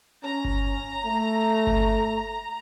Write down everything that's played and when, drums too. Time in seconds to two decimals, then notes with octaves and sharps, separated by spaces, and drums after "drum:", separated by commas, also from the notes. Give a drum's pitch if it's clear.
0.23 C#4 A#5
0.45 drum: kick G1
1.06 A3
1.67 drum: kick G1